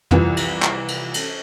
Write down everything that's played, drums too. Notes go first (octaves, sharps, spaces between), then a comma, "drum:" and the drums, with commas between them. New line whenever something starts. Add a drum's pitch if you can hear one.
C2 E3 F3, drum: tom
drum: cymbal
drum: clap
drum: cymbal
drum: cymbal